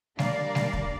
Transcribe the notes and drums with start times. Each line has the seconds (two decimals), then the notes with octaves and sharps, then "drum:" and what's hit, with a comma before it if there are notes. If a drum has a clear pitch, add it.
0.19 G3 A#3 D4 A#4 D5 F5, drum: snare G3
0.55 drum: snare G3
0.73 drum: kick